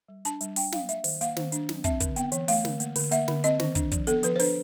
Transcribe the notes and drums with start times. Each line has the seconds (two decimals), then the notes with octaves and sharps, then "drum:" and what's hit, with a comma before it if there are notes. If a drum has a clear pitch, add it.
0.08 G3
0.25 D4 A5, drum: hi-hat
0.41 G3, drum: hi-hat
0.56 D4 G5, drum: open hi-hat
0.72 F#3 F5, drum: snare
0.89 A#3 E5, drum: hi-hat
1.04 D#3, drum: open hi-hat
1.21 A#3 F5, drum: hi-hat
1.37 D#3, drum: snare
1.52 D4, drum: hi-hat
1.69 F#3, drum: snare
1.84 C4 E5, drum: kick, hi-hat
2.00 D3, drum: kick, hi-hat
2.16 B3 G5, drum: hi-hat
2.32 E3, drum: hi-hat
2.48 A3 F5, drum: open hi-hat
2.65 D3, drum: snare
2.80 A#3, drum: hi-hat
2.96 D3, drum: open hi-hat
3.12 A#3 E5, drum: hi-hat
3.28 D3, drum: snare
3.44 C4 D#5, drum: hi-hat
3.60 D#3, drum: snare
3.75 D4, drum: kick, hi-hat
3.92 F3, drum: kick, hi-hat
4.07 B3 A4, drum: hi-hat
4.23 F3 B4, drum: hi-hat
4.36 C5
4.39 D4 B4, drum: open hi-hat